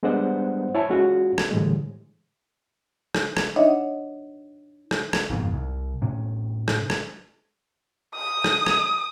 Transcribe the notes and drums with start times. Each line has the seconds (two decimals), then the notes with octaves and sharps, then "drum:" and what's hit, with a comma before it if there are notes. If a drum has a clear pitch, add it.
0.03 G3 G#3 B3 D4 C5 F#5
0.75 E4 C#5 G#5 A5 B5
0.90 G#3 C#4 F4 F#4
1.38 drum: rim click
1.51 A2 D3 E3 G3 G#3
3.15 drum: rim click
3.37 drum: rim click
3.56 D4 D#4 C#5 D#5 E5 F#5
4.91 drum: rim click
5.13 drum: rim click
5.30 F#1 F2 G#2 B2
5.52 C2
6.02 A2 C3 C#4
6.68 drum: rim click
6.90 drum: rim click
8.15 D#6
8.44 drum: rim click
8.66 drum: rim click